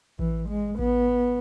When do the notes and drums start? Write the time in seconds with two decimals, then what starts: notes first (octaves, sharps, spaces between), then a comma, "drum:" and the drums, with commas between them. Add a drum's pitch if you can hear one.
0.19 E3, drum: kick A1
0.49 G#3
0.79 B3, drum: kick A1